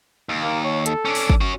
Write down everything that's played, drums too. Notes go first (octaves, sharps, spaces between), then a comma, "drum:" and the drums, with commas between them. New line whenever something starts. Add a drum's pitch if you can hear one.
D#2
A#3
C#5
A4, drum: hi-hat
C#4 D4
drum: open hi-hat
drum: kick
C#4 F#4